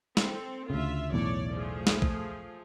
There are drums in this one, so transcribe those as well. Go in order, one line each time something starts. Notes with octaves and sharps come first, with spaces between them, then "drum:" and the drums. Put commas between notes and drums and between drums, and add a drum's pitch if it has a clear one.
C4 A4, drum: snare
D2 C#3 F4 E5
B1 E2 A2 A3 C#5 D5
F3 A3 G#4
drum: snare
drum: kick